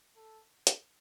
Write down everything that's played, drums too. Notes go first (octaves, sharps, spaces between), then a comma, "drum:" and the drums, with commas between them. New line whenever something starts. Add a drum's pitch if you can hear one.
A4
drum: hi-hat